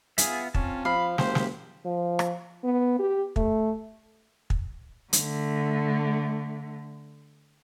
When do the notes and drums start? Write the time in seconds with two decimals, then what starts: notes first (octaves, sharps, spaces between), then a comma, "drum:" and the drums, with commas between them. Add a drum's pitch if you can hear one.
0.18 B3 F4 G#4 E5, drum: hi-hat
0.54 C4 C#4 F4 A5, drum: kick
0.85 F3 F5 B5
1.18 F#1 G4 C5, drum: snare
1.35 drum: snare
1.85 F3
2.19 drum: rim click
2.64 B3
2.99 G4
3.36 A3, drum: kick
4.50 drum: kick
5.13 D3 A3, drum: hi-hat